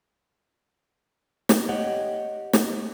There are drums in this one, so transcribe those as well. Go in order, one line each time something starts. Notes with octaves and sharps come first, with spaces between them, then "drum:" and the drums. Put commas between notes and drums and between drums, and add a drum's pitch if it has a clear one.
drum: snare
G4 C#5 D#5 F#5
drum: snare